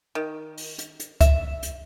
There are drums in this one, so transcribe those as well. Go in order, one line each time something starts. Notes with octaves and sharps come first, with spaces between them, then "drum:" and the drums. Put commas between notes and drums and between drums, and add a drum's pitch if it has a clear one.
D#3
drum: open hi-hat
drum: hi-hat
drum: hi-hat
E5, drum: kick C#2, hi-hat
drum: hi-hat